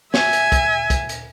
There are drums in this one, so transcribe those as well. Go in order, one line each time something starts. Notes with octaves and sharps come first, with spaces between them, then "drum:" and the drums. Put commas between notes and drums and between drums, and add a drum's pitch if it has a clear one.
E5 G#5, drum: snare
drum: hi-hat
drum: kick, hi-hat
drum: kick, hi-hat
drum: hi-hat